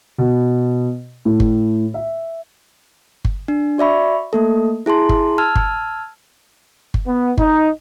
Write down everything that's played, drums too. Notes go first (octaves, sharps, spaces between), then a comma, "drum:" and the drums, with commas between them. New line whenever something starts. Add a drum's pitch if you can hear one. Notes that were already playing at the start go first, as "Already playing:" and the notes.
B2
A2
drum: kick G1
E5
drum: kick G1
D4
F#4 D5 E5 B5 C#6
A3 A#3 A4
E4 G#4 A5 C6
drum: kick G1
A5 E6 F6 G#6
drum: kick G1
drum: kick G1
B3
D#4, drum: kick G1